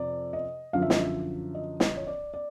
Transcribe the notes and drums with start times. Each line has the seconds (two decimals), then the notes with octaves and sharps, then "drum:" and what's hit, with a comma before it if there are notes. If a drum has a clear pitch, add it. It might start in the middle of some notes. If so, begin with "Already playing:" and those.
Already playing: F2 C3 F3 D5
0.33 D#5
0.73 F#2 D3 F3 F5
0.82 E5
0.90 D#5, drum: snare
0.99 E5
1.55 D#5
1.80 D#5, drum: snare
1.97 C#5
2.07 D5
2.34 D5